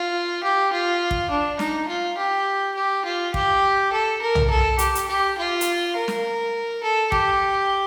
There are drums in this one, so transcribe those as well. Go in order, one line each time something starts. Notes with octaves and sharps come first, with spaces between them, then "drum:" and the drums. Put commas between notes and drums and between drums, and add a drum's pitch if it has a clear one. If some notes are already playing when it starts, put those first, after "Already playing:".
Already playing: F4
G4
F4
drum: kick
D4
D#4, drum: snare
F4
G4
G4
F4
G4, drum: kick
A4
A#4
drum: tom
A4
G4, drum: hi-hat
drum: hi-hat
G4
F4
drum: hi-hat
A#4
drum: snare
A4
G4, drum: kick